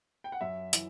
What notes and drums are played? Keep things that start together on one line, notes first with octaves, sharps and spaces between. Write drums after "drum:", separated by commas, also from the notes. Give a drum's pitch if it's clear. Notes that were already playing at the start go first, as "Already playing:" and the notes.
G5
F#5
F#2 E5
E3, drum: hi-hat